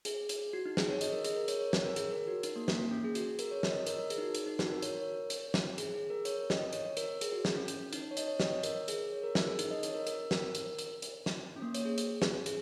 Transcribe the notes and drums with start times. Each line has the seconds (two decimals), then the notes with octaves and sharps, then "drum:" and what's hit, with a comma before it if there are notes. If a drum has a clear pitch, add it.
0.05 G#4, drum: hi-hat
0.29 drum: hi-hat
0.53 F#4
0.65 D#4
0.77 G#4, drum: snare
0.89 C#5
1.01 D#5, drum: hi-hat
1.12 A#4
1.25 G#4, drum: hi-hat
1.36 A#4
1.48 C#5, drum: hi-hat
1.61 C#5
1.73 C#5, drum: snare
1.84 A#4
1.96 G#4, drum: hi-hat
2.12 A#4
2.27 F#4
2.43 D#4, drum: hi-hat
2.56 A#3
2.68 A#3, drum: snare
2.91 C#4
3.04 G#4
3.15 F#4, drum: hi-hat
3.27 G#4
3.39 A#4, drum: hi-hat
3.51 C#5
3.63 C#5, drum: snare
3.70 D#5
3.75 C#5
3.86 A#4, drum: hi-hat
3.99 A#4
4.10 G#4, drum: hi-hat
4.18 D#4
4.22 F#4
4.35 D#4, drum: hi-hat
4.47 D#4
4.59 F#4, drum: snare
4.70 A#4
4.82 C#5, drum: hi-hat
4.92 A#4
5.01 C#5
5.30 drum: hi-hat
5.54 drum: snare
5.78 G#4, drum: hi-hat
5.94 G#4
6.10 A#4
6.25 C#5, drum: hi-hat
6.50 D#5, drum: snare
6.73 C#5, drum: hi-hat
6.86 C#5
6.97 A#4, drum: hi-hat
7.21 G#4, drum: hi-hat
7.32 F#4
7.45 drum: snare
7.56 C#4
7.68 C#4, drum: hi-hat
7.93 D#4, drum: hi-hat
8.11 C#5
8.17 D#5, drum: hi-hat
8.28 C#5
8.40 D#5, drum: snare
8.52 C#5
8.63 A#4, drum: hi-hat
8.88 G#4, drum: hi-hat
9.12 C#5
9.23 A#4
9.35 A#4, drum: snare
9.47 G#4
9.59 D#4, drum: hi-hat
9.71 D#5
9.83 C#5, drum: hi-hat
9.94 A#4
10.07 A#4, drum: hi-hat
10.31 drum: snare
10.55 drum: hi-hat
10.79 drum: hi-hat
11.02 drum: hi-hat
11.26 drum: snare
11.56 C#4
11.62 A#3
11.75 C#5, drum: hi-hat
11.85 G#4
11.98 drum: hi-hat
12.22 drum: snare
12.46 G#4, drum: hi-hat